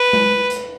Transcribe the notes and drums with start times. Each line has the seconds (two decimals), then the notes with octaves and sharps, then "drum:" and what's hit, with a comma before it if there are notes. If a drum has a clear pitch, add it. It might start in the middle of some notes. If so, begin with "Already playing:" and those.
Already playing: B4
0.13 drum: tom G#3
0.50 drum: hi-hat